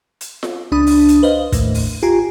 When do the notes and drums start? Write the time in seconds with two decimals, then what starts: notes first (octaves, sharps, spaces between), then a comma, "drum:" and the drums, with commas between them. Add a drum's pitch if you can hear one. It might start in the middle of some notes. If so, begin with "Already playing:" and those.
0.21 drum: hi-hat
0.43 drum: snare F4
0.72 C#2 D4 B5 D#6
0.87 drum: open hi-hat
1.09 drum: hi-hat
1.23 B4 C5 D#5 F5
1.52 D#2 A2, drum: kick, hi-hat
1.74 drum: open hi-hat
2.03 F4 G4 G#5 A#5